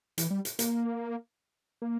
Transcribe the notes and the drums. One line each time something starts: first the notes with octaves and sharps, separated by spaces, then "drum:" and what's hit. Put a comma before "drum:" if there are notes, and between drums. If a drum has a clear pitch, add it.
E3, drum: hi-hat
G3
drum: hi-hat
A#3, drum: hi-hat
A#3